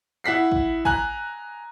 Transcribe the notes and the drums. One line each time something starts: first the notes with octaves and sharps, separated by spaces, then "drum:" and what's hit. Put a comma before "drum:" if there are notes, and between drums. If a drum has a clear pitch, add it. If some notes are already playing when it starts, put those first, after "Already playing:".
E4 F#5 B6 C7
drum: kick
G#5 A#5 F#6, drum: kick